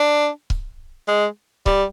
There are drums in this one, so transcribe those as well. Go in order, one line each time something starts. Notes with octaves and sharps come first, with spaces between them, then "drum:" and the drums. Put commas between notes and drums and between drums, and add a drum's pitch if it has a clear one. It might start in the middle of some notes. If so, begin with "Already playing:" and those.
Already playing: D4
drum: kick C#1
G#3
G3, drum: kick C#1